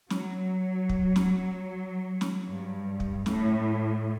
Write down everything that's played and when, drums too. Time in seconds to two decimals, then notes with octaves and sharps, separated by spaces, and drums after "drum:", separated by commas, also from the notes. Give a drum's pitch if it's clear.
0.10 F#3, drum: snare
0.89 drum: kick
1.16 drum: snare
2.21 drum: snare
2.47 G2
3.00 drum: kick
3.26 A2, drum: snare